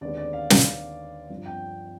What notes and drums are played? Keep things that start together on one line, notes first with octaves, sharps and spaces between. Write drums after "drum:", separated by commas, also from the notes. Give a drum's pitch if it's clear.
D#2 D3 G#3 B3 D5
D5
F5
drum: snare
G1 G2 F3
G5